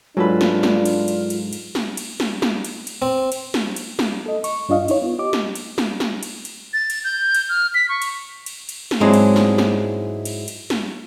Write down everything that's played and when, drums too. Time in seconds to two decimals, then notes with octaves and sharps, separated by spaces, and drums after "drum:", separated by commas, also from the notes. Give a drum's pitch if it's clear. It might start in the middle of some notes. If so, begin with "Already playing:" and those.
0.17 G#2 F#3 G#3 D4 F4 A4 B4
0.41 drum: snare
0.63 drum: snare
0.86 drum: cymbal
1.08 drum: cymbal
1.30 drum: cymbal
1.53 drum: cymbal
1.75 drum: snare
1.97 drum: cymbal
2.20 drum: snare
2.42 drum: snare
2.65 drum: cymbal
2.87 drum: cymbal
3.02 C4
3.32 drum: cymbal
3.54 drum: snare
3.76 drum: cymbal
3.99 drum: snare
4.26 A4 D#5
4.44 C#6, drum: cymbal
4.69 G2 D4 F4 D#5 F5
4.88 D#4 E4 C#5, drum: cymbal
5.02 B3 F4
5.19 G4 D#5 D6
5.33 drum: snare
5.55 drum: cymbal
5.78 drum: snare
6.00 drum: snare
6.23 drum: cymbal
6.45 drum: cymbal
6.73 A6
6.90 drum: cymbal
7.04 G6
7.35 drum: cymbal
7.49 F6
7.74 B6
7.89 C#6
8.02 drum: cymbal
8.46 drum: cymbal
8.69 drum: cymbal
8.91 drum: snare
9.00 G#2 F#3 G#3 C4 D4 E4
9.14 drum: cymbal
9.36 drum: snare
9.58 drum: snare
10.25 drum: cymbal
10.48 drum: cymbal
10.70 drum: snare